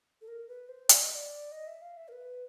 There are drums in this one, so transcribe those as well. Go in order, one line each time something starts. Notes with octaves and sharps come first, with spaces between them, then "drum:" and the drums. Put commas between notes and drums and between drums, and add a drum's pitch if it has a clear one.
A4
A#4
B4
C5
D5, drum: hi-hat
D#5
D5
D#5
E5
F5
E5
A#4
B4